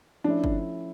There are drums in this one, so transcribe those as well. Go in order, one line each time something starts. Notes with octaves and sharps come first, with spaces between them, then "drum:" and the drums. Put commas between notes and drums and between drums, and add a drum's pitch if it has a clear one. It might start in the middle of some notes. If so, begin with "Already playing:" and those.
F3 A3 C#4 D4 E4
drum: kick G1